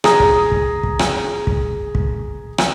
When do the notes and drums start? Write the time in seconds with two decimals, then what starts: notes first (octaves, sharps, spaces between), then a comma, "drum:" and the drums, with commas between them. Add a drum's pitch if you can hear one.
0.04 G#4 A#5 D#6, drum: rim click
0.20 drum: kick
0.52 drum: kick
0.83 drum: kick
0.99 drum: rim click
1.47 drum: kick
1.95 drum: kick
2.58 drum: rim click